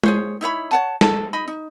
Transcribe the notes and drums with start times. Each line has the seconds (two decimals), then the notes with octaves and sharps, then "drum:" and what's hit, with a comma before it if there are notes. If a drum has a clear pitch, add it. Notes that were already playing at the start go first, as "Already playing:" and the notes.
0.04 G#4 C5 C#5, drum: tom G#3
0.41 D#4 E4 C#5 B5
0.71 C#5 F#5 A5
1.01 A4, drum: snare
1.33 D#4 D#5 B5
1.48 D#4